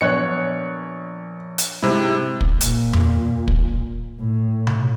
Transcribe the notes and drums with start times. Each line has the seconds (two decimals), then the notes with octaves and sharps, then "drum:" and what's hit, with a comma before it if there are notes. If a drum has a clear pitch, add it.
0.01 A#1 B3 C#5 F#6 C#7
1.58 drum: hi-hat
1.82 G#2 C3 E4
2.41 drum: kick
2.61 A#2, drum: hi-hat
2.93 drum: tom E2
3.48 drum: kick
4.20 A2
4.67 drum: tom B2